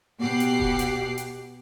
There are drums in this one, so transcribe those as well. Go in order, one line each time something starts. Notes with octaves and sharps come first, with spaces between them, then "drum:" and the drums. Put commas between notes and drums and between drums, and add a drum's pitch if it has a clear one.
B2 G4 F#5 D6 C7
drum: hi-hat
drum: kick D#1
drum: hi-hat
drum: hi-hat